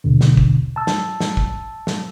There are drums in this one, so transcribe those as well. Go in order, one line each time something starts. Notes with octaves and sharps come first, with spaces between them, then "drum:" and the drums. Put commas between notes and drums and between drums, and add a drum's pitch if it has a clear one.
D#2 B2 D3
drum: snare
drum: kick
A5 E6
drum: snare
drum: snare
drum: kick
drum: snare